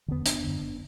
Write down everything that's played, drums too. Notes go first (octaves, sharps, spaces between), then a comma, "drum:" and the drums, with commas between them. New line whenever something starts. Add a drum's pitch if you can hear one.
E2 D3 B3 D4
F#1 B3 D4, drum: hi-hat
F#2 D3
F#1